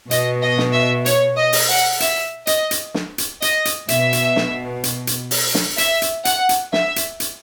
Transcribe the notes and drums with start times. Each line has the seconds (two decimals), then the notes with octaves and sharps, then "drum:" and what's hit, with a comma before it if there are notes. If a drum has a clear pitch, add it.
0.11 B2 D#5, drum: hi-hat
0.43 D#5
0.58 drum: snare
0.74 E5
1.06 C#5, drum: hi-hat
1.37 D#5
1.53 drum: open hi-hat
1.69 F#5
2.00 E5, drum: hi-hat
2.47 D#5, drum: hi-hat
2.71 drum: hi-hat
2.94 drum: snare
3.18 drum: hi-hat
3.42 D#5, drum: hi-hat
3.65 drum: hi-hat
3.88 B2 E5, drum: hi-hat
4.13 drum: hi-hat
4.36 drum: snare
4.84 drum: hi-hat
5.07 drum: hi-hat
5.31 drum: open hi-hat
5.54 drum: snare
5.78 E5, drum: hi-hat
6.02 drum: hi-hat
6.25 F#5, drum: hi-hat
6.49 drum: hi-hat
6.73 E5, drum: snare
6.96 drum: hi-hat
7.20 drum: hi-hat